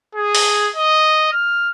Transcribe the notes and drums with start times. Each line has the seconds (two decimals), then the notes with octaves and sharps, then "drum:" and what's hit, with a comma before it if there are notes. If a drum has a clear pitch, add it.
0.15 G#4
0.35 drum: open hi-hat
0.76 D#5
1.32 F6